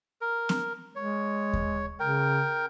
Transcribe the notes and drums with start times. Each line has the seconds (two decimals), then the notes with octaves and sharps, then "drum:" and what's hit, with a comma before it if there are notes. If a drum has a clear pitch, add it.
0.21 A#4
0.49 drum: snare
0.95 G#3 C#5
1.53 drum: kick D#2
2.00 C#3 A#4 G5